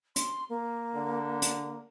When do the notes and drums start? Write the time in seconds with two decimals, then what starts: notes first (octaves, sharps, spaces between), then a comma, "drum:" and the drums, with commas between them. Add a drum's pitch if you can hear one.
0.16 C6, drum: hi-hat
0.49 A#3
0.95 D3
1.42 drum: hi-hat